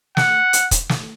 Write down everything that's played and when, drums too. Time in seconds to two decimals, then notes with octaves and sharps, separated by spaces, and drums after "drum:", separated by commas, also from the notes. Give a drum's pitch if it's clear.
0.17 F#5, drum: snare
0.53 drum: hi-hat
0.71 drum: kick, hi-hat
0.89 drum: snare